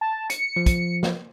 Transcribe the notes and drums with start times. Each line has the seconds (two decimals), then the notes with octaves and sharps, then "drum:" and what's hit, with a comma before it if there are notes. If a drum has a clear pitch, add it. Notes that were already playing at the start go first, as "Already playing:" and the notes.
0.01 A5
0.30 C#7, drum: hi-hat
0.56 F3
0.66 drum: kick, hi-hat
1.03 drum: snare